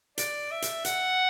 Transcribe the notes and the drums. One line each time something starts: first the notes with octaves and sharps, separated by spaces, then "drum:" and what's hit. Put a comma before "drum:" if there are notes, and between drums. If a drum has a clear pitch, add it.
D5, drum: hi-hat
E5
drum: hi-hat
F#5, drum: hi-hat